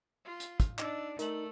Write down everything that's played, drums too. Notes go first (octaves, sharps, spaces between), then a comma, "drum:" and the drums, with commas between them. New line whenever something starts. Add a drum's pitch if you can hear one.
F4
drum: hi-hat
drum: kick, hi-hat
D4 D#4 D#5 D6 E6, drum: clap
A3 D#4 A#4 F#7, drum: hi-hat